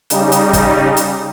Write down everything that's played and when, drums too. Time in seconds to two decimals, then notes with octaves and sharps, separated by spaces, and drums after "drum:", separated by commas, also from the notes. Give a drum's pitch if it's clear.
0.10 C#3 G3 D#4, drum: hi-hat
0.32 drum: hi-hat
0.53 drum: kick, hi-hat
0.97 drum: hi-hat